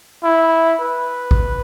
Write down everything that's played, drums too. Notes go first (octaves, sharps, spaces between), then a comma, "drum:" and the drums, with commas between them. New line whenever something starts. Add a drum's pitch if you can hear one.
E4
B4
drum: kick A1